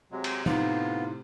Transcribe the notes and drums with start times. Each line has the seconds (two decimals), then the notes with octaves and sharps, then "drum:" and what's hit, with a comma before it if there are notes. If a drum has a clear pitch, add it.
0.11 C3 F#3 G#3
0.24 drum: cymbal
0.46 A2 C3 B3 D#4 F4, drum: tom